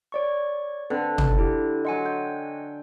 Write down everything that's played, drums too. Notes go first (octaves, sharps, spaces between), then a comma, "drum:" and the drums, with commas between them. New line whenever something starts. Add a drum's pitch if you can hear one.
C#5 D5 C#6
D3 C4 B4
drum: tom
E4 G4
F#3 D#5 F#5 G#5 C6
G5